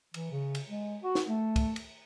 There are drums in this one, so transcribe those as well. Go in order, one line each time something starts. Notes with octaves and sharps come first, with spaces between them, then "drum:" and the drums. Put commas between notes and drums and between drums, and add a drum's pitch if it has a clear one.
E3, drum: cymbal
C#3
drum: cymbal
G#3
F#4
drum: snare
A3
drum: kick, cymbal
drum: cymbal